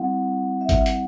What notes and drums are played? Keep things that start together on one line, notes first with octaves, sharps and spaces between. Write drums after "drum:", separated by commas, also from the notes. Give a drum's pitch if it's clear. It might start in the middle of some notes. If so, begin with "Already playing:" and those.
Already playing: G3 C4 E4 F#5
E5
F#5, drum: kick G#1, hi-hat
drum: hi-hat